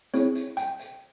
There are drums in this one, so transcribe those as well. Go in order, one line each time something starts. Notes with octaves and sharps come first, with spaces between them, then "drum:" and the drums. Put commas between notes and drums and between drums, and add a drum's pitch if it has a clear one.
C4 E4 G#4 C#5, drum: hi-hat
drum: hi-hat
G5, drum: hi-hat
drum: hi-hat